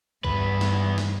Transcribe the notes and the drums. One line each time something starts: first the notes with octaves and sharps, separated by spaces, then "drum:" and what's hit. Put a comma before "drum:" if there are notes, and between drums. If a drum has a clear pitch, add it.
E2 G2 B4, drum: kick
drum: snare
drum: snare